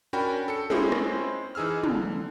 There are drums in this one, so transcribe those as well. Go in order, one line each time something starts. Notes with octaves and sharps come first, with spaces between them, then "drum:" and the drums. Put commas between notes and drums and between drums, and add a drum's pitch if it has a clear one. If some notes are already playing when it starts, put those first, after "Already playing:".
C#4 D4 F#4 A#4 G5 B5
A4 C#7
G#3 C4 C#4 E4 F4 C5, drum: tom
drum: rim click
E3 D#4 G#4 E6 F6
D3, drum: tom